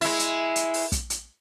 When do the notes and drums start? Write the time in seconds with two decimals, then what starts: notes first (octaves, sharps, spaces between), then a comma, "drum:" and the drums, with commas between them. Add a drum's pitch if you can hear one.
0.01 G#3 E4, drum: open hi-hat
0.19 drum: hi-hat
0.56 drum: hi-hat
0.74 drum: open hi-hat
0.92 drum: kick, hi-hat
1.10 drum: hi-hat